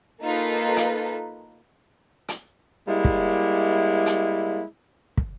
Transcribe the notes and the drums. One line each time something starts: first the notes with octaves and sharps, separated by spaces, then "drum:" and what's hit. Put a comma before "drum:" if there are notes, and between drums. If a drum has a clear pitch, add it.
A#3 D#4 F4 A4 B4
drum: hi-hat
drum: hi-hat
G3 G#3 A#3 E4
drum: kick
drum: hi-hat
drum: kick